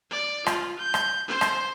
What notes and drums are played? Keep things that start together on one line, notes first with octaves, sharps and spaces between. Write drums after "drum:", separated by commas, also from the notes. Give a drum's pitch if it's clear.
D5
F4, drum: rim click
G6
drum: rim click
C5
drum: rim click